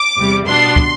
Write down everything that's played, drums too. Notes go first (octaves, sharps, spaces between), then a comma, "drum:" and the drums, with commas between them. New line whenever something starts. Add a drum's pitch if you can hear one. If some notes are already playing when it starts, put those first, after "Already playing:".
Already playing: D6
E2 C3 G3
B2 G3 B3 D4 C6
drum: kick